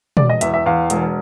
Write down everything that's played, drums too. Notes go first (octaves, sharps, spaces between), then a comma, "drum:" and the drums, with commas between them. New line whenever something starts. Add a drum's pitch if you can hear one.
E1 D5, drum: tom
D#5
E2 E5, drum: hi-hat
E5
E2 F5
E1, drum: hi-hat